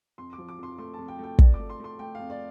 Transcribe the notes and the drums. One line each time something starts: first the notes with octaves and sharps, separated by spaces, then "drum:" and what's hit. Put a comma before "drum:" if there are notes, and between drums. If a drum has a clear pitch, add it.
F2 C6
D6
F3
D6
F2 C6
A3 C6
F2 A5
G5
A3 G5
F2 D5, drum: kick
D6
A3
C6
A3 C6
A3 G5
F2 F5
D5